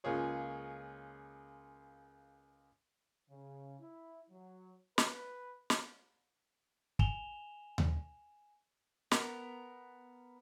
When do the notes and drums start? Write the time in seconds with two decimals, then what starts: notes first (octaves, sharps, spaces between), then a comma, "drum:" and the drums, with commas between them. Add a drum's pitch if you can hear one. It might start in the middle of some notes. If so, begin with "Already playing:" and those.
0.04 C#2 A#3 F4 G#4 C#5
3.30 C#3
3.80 E4
4.30 F#3
4.98 B4, drum: snare
5.70 drum: snare
6.99 G#5 E7 F7 G7, drum: kick
7.78 drum: tom D#2
9.11 B3 A#4, drum: snare